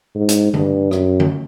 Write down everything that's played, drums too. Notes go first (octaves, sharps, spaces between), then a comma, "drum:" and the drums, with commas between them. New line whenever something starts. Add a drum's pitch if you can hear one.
G#2
drum: hi-hat
G2, drum: tom D3
F#2, drum: rim click
drum: tom D3